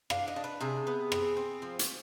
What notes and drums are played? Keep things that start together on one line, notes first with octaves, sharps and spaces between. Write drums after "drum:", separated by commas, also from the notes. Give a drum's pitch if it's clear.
D4 F5, drum: rim click
D#5
D4
B4
C3 G#4
B3
C4, drum: rim click
C4
F3
drum: hi-hat